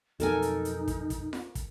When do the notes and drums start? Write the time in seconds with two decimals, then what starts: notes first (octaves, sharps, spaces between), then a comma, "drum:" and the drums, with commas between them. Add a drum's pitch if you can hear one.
0.20 F2 B2 F#3 D#4 A4 A#4 G#5, drum: hi-hat
0.42 drum: hi-hat
0.65 drum: hi-hat
0.88 drum: kick, hi-hat
1.10 drum: kick, hi-hat
1.33 drum: snare F4
1.55 drum: kick, hi-hat